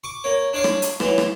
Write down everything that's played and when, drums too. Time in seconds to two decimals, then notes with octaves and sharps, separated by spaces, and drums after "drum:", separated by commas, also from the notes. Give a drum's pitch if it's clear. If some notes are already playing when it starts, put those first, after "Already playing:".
0.04 C#6 D6
0.24 A#3 C#5
0.53 D4 C#5 D5 F5 C#6
0.64 drum: rim click
0.82 drum: hi-hat
1.00 E3 F#3, drum: rim click
1.18 drum: rim click